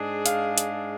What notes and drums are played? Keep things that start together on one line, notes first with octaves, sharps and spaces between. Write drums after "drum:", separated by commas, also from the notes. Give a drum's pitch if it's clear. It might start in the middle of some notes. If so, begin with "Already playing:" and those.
Already playing: G#2 G#3 D4 G#4
F5, drum: hi-hat
drum: hi-hat